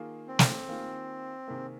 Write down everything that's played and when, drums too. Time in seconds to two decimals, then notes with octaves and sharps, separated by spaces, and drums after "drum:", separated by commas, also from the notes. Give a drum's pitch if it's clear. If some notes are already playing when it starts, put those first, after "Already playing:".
Already playing: D#3 A#3 F4 G#4
0.28 C4
0.39 drum: snare
0.67 D#3 A#3 F4 G#4
1.48 C3 D#3 A#3 G#4